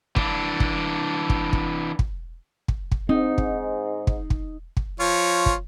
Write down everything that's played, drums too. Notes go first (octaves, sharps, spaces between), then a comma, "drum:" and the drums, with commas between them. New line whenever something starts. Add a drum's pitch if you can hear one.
E3 D4, drum: kick
drum: kick
drum: kick
drum: kick
drum: kick
drum: kick
drum: kick
G#2 C4 D#4
drum: kick
drum: kick
drum: kick
drum: kick
F3 F4 C#5
drum: kick